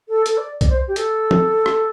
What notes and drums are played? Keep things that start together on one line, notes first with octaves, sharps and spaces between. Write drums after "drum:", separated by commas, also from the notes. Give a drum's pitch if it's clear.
A4
A4, drum: hi-hat
D5
D5, drum: kick C2, hi-hat
C5
G4
A4, drum: hi-hat
drum: tom
drum: rim click